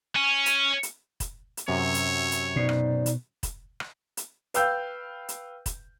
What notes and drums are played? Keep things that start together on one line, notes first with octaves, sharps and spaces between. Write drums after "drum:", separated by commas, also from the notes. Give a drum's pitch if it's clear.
C#4
drum: hi-hat
drum: hi-hat
drum: kick, hi-hat
drum: hi-hat
F#2 C3 C#5 E6
drum: hi-hat
drum: hi-hat
B2 D#4 C5 D5
drum: rim click
drum: hi-hat
drum: kick, hi-hat
drum: rim click
drum: hi-hat
B4 F5 G5 E6 G6, drum: hi-hat
drum: hi-hat
drum: kick, hi-hat